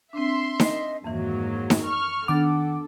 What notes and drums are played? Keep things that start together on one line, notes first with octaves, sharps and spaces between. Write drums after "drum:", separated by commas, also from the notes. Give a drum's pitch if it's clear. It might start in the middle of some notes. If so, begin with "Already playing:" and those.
C4 D4 E5 C6
D#5, drum: snare D#4
F2 G#2 D#3 E3 F#3 A#3
drum: snare D#4
C#6 F6
D#3 B3 D4 A4 F#5 D6 A6